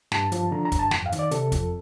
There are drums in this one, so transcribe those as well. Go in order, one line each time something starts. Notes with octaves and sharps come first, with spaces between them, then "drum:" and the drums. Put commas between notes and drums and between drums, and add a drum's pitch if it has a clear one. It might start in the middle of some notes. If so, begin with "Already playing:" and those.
G2 A5, drum: snare
F3, drum: hi-hat
D3 A#5
A#5
G2, drum: kick, hi-hat
A5
F2 G5, drum: snare
F5
D#3, drum: hi-hat
D5
C3 A4, drum: hi-hat
F2, drum: kick, hi-hat